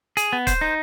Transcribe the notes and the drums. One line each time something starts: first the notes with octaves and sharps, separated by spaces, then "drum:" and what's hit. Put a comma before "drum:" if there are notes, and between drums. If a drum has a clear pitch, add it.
G#4, drum: hi-hat
B3
C5, drum: kick, hi-hat
D#4